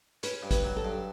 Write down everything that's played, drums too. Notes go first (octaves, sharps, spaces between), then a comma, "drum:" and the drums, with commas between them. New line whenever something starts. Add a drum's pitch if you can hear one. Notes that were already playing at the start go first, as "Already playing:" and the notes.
C#4 B4, drum: hi-hat
G2
B4, drum: kick, hi-hat
F#3
A4
G2